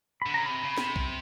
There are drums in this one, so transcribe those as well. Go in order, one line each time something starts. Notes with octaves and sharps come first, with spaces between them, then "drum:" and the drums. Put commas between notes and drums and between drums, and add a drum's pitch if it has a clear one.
D3 B5
C#3 A#5
C3 B5
C#3
C3, drum: snare
drum: kick